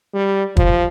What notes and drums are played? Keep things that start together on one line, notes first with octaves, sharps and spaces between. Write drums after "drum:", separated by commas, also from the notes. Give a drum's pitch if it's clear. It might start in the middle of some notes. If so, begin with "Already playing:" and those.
G3
F3, drum: kick